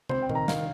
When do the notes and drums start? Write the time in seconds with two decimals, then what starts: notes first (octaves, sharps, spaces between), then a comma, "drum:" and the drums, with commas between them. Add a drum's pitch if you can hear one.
0.09 C4 C5, drum: tom
0.22 G5
0.29 D#3, drum: tom A#2
0.35 A#5
0.48 D#3 F5, drum: snare